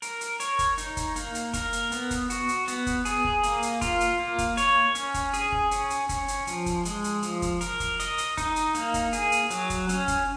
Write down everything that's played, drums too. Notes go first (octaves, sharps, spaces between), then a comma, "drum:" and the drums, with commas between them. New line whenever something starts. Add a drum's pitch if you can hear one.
A#4, drum: hi-hat
drum: hi-hat
C#5, drum: hi-hat
drum: kick F#1, hi-hat
D#4, drum: hi-hat
drum: kick F#1, hi-hat
A#3, drum: hi-hat
drum: hi-hat
A#4, drum: kick F#1, hi-hat
drum: hi-hat
B3, drum: hi-hat
drum: kick F#1, hi-hat
F#4, drum: hi-hat
drum: hi-hat
B3, drum: hi-hat
drum: kick F#1, hi-hat
G#4, drum: hi-hat
drum: kick F#1
A#3, drum: hi-hat
drum: hi-hat
F4, drum: kick F#1, hi-hat
drum: hi-hat
A#3
drum: kick F#1, hi-hat
C#5, drum: hi-hat
C#4, drum: hi-hat
drum: kick F#1, hi-hat
G#4, drum: hi-hat
drum: kick F#1
C#4, drum: hi-hat
drum: hi-hat
C#4, drum: kick F#1, hi-hat
drum: hi-hat
F3, drum: hi-hat
drum: kick F#1, hi-hat
G#3, drum: hi-hat
drum: hi-hat
F3, drum: hi-hat
drum: kick F#1, hi-hat
A#4, drum: hi-hat
drum: kick F#1, hi-hat
D#5, drum: hi-hat
drum: hi-hat
D#4, drum: kick F#1, hi-hat
drum: hi-hat
A#3, drum: hi-hat
drum: kick F#1, hi-hat
G#4, drum: hi-hat
drum: hi-hat
F#3, drum: hi-hat
drum: kick F#1, hi-hat
C#4, drum: hi-hat
drum: kick F#1, hi-hat